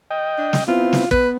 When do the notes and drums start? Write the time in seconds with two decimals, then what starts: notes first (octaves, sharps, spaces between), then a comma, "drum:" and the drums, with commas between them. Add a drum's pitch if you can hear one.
0.11 D#5 G5
0.38 D4
0.53 drum: snare
0.68 B3 C4 E4 F4
0.93 drum: snare
1.11 B3 B4, drum: kick